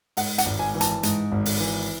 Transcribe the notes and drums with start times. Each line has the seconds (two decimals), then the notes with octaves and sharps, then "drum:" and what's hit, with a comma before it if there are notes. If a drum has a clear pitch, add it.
0.17 G#2 F#5, drum: open hi-hat
0.38 F#5, drum: hi-hat
0.46 G#1
0.59 G#5
0.75 E3
0.81 A5, drum: hi-hat
1.03 G#2, drum: hi-hat
1.32 G#1
1.46 drum: open hi-hat
1.60 E3